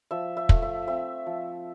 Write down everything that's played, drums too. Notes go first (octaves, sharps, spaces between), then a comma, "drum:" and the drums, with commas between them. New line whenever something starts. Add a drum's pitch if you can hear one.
F3 E5
E5
A3, drum: kick
E5
C4 E5
F3